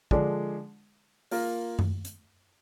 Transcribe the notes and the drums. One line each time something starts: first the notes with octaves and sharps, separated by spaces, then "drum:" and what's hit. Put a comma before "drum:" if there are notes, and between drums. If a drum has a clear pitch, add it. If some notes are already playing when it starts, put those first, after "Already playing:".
D3 F3 G#3 D4, drum: kick
A#3 F4 A#4, drum: open hi-hat
drum: tom F#2
drum: hi-hat